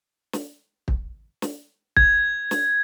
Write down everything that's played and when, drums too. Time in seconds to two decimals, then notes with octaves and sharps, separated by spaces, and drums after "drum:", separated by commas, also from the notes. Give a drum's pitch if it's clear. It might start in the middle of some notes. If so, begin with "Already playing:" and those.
0.33 drum: snare
0.88 drum: kick
1.42 drum: snare
1.97 G#6, drum: kick
2.51 drum: snare